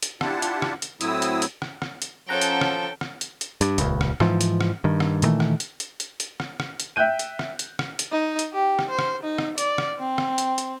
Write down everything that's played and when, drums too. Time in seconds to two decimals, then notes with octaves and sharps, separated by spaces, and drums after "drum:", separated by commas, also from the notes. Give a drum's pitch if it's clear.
0.03 drum: hi-hat
0.21 D4 E4 F4 G4 F#5 A5, drum: rim click
0.42 drum: hi-hat
0.62 drum: rim click
0.82 drum: hi-hat
1.01 A2 F#3 C4 E4 D#6 E6, drum: hi-hat
1.22 drum: hi-hat
1.42 drum: hi-hat
1.62 drum: rim click
1.82 drum: rim click
2.02 drum: hi-hat
2.29 F3 C#4 A4 F#5 G5 A5 A#5
2.41 drum: hi-hat
2.61 drum: rim click
3.01 drum: rim click
3.21 drum: hi-hat
3.41 drum: hi-hat
3.61 G2, drum: hi-hat
3.78 D#1 C#2, drum: hi-hat
4.01 drum: rim click
4.20 G#2 E3 F3, drum: rim click
4.41 drum: hi-hat
4.61 drum: rim click
4.84 G2 D#3
5.00 drum: rim click
5.22 A#2 D#3 E3 A3, drum: hi-hat
5.40 drum: rim click
5.60 drum: hi-hat
5.80 drum: hi-hat
6.00 drum: hi-hat
6.20 drum: hi-hat
6.40 drum: rim click
6.60 drum: rim click
6.80 drum: hi-hat
6.96 E5 G5 F#6 G6 D#7
7.19 drum: hi-hat
7.39 drum: rim click
7.59 drum: hi-hat
7.79 drum: rim click
7.99 drum: hi-hat
8.12 D#4
8.39 drum: hi-hat
8.53 G4
8.79 drum: rim click
8.89 C5
8.99 drum: rim click
9.23 D#4
9.38 drum: rim click
9.58 D5, drum: hi-hat
9.78 drum: rim click
9.99 C4
10.18 drum: rim click
10.38 drum: hi-hat
10.58 drum: hi-hat